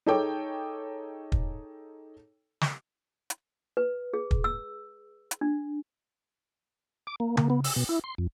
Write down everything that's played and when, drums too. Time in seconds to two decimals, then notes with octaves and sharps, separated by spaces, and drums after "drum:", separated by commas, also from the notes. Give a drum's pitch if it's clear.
0.06 D#4 G#4 A4 C#5 G5 D6
1.32 drum: kick
2.61 drum: snare
3.30 drum: hi-hat
3.77 B4
4.14 G#4
4.31 drum: kick
4.44 E6
5.31 drum: hi-hat
5.41 D4
7.07 D6
7.20 A#3
7.37 A#3, drum: tom C#3
7.50 B3
7.64 E6, drum: open hi-hat
7.76 B2
7.89 E4
8.04 C6
8.18 F2